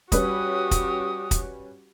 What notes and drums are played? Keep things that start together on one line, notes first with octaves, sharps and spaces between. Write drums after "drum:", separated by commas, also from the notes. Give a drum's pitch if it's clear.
G3 C#4 F#4 G4 B4 D#6, drum: kick, hi-hat
drum: kick, hi-hat
drum: kick, hi-hat